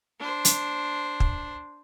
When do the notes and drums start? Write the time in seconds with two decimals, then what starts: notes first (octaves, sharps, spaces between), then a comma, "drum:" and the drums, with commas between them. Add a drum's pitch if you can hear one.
0.19 D4 C5
0.45 drum: hi-hat
1.20 drum: kick